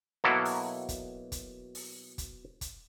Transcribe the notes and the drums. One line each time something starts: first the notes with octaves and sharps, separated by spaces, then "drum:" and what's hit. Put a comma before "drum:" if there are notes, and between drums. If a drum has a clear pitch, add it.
B2 F#3 A#3 E4 A4
drum: open hi-hat
drum: kick, hi-hat
drum: kick, hi-hat
drum: open hi-hat
drum: kick, hi-hat
drum: kick, hi-hat